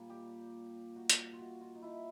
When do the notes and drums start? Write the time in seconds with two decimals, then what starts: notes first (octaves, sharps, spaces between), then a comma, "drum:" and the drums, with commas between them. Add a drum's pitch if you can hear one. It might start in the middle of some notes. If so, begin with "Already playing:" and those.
Already playing: A#2 G3 A#3
0.10 G4
0.96 F#4
1.10 drum: hi-hat
1.33 F4
1.39 F#4
1.61 F4
1.75 D#4
1.82 E4